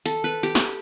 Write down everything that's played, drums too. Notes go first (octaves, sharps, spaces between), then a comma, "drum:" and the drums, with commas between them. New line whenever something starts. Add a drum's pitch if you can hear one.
A4, drum: hi-hat
B4
G4
drum: snare